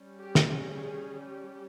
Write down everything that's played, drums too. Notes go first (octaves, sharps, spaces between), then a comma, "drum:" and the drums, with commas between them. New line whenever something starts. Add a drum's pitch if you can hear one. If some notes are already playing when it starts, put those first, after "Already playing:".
Already playing: G3 C#4
G4
drum: snare
G#4
G4